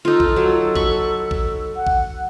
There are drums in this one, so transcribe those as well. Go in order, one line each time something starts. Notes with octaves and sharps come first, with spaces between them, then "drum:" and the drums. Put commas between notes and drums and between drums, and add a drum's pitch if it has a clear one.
D#4 F4 A4
drum: kick A1
F#3
B5 C#6, drum: kick A1
drum: kick A1
F#5
drum: kick A1